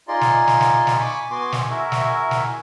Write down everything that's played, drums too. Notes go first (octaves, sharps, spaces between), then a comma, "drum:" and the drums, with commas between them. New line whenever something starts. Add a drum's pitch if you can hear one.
D#4 F4 G#4 D5 D#5 C6
drum: snare
drum: snare
drum: snare
drum: snare
G#5 B5 C#6 D6
B3 F#4 G#5 C6 D6
drum: snare
E4 F#4 G#4 A#4 E5
drum: snare
drum: snare